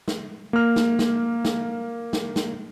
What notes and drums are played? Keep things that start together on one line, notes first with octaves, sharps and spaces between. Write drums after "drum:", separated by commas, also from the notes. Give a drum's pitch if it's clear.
drum: snare
A#3 F6
drum: snare
drum: snare
drum: snare
drum: snare
drum: snare